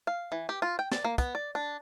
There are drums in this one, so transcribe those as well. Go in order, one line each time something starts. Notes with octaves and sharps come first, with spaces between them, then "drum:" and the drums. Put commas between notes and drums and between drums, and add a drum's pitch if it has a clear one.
F5
E3
G4
F4
G5
D5, drum: snare
A#3
B3, drum: kick, hi-hat
D5
D4